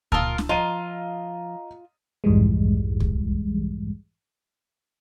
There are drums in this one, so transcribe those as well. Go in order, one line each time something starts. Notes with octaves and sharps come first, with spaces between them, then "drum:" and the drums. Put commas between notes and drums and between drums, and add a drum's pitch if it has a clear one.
A#2 F4 A#4 A5 D#6 E6, drum: kick C#2
drum: snare
F3 F4 D#5 A#5 D#7
B1 F2 G#2 E3 G3 G#3
drum: kick C#2